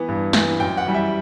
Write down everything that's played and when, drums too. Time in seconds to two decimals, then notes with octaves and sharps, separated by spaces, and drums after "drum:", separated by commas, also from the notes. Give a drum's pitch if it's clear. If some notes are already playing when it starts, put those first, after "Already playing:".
Already playing: E3 B3
0.08 G2
0.33 E3 B3, drum: snare
0.60 F#2 G5
0.77 F#5
0.87 E3 G3
0.94 E5